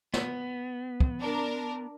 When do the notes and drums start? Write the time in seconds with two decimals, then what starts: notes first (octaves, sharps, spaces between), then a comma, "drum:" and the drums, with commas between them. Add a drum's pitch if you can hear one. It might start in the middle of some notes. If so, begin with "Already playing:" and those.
0.14 B3, drum: snare
1.00 drum: kick
1.21 D4 A#4